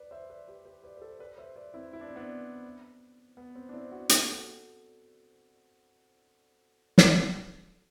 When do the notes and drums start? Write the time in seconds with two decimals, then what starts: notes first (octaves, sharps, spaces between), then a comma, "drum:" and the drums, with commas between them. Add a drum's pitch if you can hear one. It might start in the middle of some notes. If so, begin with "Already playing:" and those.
Already playing: B4 D5
0.11 C5 E5
0.30 B4 D5
0.48 G4 B4
0.65 G4 B4
0.84 B4 D5
0.97 B4
1.02 A4 C5
1.20 B4 D5
1.38 C5 E5
1.56 B4 D5
1.74 C4 E4
1.93 E4
2.01 D4
2.08 C4
2.16 B3 D4
3.37 B3
3.55 C4
3.69 D4
3.73 C4 E4
3.92 D4 F#4
4.09 F#4 A4, drum: hi-hat
6.98 drum: snare